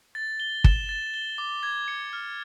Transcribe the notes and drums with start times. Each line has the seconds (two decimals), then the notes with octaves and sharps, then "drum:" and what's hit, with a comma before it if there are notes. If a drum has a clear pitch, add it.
0.15 A6
0.40 G7
0.64 E7, drum: kick
0.89 A6
1.14 G7
1.38 D6
1.63 G#6
1.88 C#7
2.13 F6